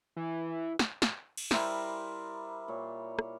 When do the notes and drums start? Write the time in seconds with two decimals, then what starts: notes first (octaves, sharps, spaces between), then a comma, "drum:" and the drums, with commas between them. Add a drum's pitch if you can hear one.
0.16 E3
0.79 drum: snare
1.02 drum: snare
1.37 drum: cymbal
1.51 G3 E4 A#4 C5, drum: snare
2.68 A#2 C#5
3.19 drum: rim click